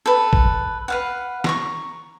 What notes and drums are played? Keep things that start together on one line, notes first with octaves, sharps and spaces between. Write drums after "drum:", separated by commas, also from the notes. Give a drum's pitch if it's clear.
A4 B4
drum: kick
B4 F5 F#5
A#5 C6 C#6, drum: snare